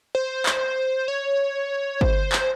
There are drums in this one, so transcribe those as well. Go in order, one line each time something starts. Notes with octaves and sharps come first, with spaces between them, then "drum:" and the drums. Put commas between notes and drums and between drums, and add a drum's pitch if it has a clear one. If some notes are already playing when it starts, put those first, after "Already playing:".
C5
drum: clap
C#5
C5, drum: kick G1
drum: clap